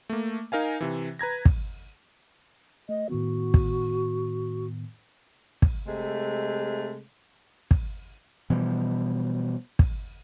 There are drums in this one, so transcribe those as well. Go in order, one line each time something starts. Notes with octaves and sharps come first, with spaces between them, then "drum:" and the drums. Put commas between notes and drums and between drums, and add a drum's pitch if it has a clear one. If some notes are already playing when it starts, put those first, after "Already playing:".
A3 A#3
D#4 A#4 F5 G#5
C3 E3
B4 A#5 G#6 A#6
drum: kick
A3 D#5
A2 D#3 B3 F#4
drum: kick
drum: kick
C3 G#3 A3
drum: kick
B2 E3 F3 G3
drum: kick